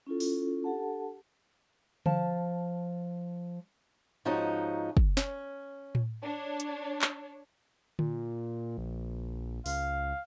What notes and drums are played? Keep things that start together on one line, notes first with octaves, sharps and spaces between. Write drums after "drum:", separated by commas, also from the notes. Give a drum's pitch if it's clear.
C#4 E4 F4 A4
drum: open hi-hat
D4 G4 A4 F#5 A5
F3 A5, drum: tom D3
G#2 F3 C#4 D#4 F#4
drum: kick
C#4, drum: snare
drum: tom A2
D4 C#5
drum: hi-hat
drum: clap
A#2, drum: tom D3
A#1
C#2 F5, drum: open hi-hat